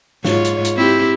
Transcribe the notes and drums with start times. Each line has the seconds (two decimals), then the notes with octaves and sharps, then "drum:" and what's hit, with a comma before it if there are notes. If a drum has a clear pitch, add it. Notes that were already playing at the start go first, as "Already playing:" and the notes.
0.25 G#2 F4 C#5, drum: snare
0.45 drum: hi-hat
0.65 drum: hi-hat
0.77 C4 E4 G4